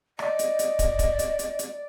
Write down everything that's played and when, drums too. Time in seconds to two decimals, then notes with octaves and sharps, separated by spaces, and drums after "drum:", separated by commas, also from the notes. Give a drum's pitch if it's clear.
0.19 D5 D#5, drum: rim click
0.39 drum: hi-hat
0.59 drum: hi-hat
0.79 drum: kick, hi-hat
0.99 drum: kick, hi-hat
1.19 drum: hi-hat
1.39 drum: hi-hat
1.59 drum: hi-hat